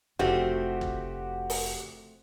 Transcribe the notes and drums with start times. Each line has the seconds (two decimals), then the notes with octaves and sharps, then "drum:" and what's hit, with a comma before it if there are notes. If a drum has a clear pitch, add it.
0.19 F1 F3 A3 C4 F#4 G4
0.81 drum: kick
1.50 drum: open hi-hat